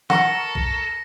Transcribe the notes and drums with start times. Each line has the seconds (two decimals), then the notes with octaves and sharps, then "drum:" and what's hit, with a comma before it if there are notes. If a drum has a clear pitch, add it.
0.10 A4 A#4 F#5 C#6 A#6 C#7, drum: snare
0.55 drum: kick A#1